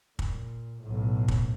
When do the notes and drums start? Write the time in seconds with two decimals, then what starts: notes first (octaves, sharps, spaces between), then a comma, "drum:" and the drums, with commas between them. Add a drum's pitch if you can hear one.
0.19 A#2, drum: kick
0.82 B1 A2
1.28 drum: kick